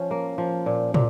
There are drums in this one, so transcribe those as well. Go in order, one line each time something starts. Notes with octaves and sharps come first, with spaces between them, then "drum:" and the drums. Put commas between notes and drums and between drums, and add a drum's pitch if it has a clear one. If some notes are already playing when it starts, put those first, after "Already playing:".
Already playing: F3 C#4
A#3
F3
A#2
A#2, drum: tom